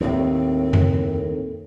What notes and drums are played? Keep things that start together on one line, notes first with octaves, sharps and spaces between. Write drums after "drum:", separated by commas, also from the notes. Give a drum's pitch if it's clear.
D#2 A2 C4
drum: tom F2